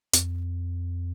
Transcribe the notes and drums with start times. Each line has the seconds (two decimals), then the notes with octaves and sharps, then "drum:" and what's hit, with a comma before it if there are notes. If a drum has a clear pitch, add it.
0.13 F2, drum: hi-hat